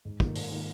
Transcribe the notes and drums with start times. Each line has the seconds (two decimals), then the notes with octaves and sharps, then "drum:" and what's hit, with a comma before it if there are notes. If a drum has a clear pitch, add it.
0.05 G#2
0.20 D#3 A#3 F4, drum: kick
0.35 G#2, drum: open hi-hat
0.52 D#3 A#3 F4